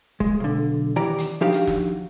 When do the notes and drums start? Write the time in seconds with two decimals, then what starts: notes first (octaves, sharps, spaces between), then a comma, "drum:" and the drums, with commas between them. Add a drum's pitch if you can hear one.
0.20 G#3, drum: kick
0.40 B1 D3
0.96 D#2 E3 G4 D5 A#5
1.18 drum: hi-hat
1.41 F3 D4 D#4 F#4 G4 F5
1.52 drum: hi-hat
1.67 drum: snare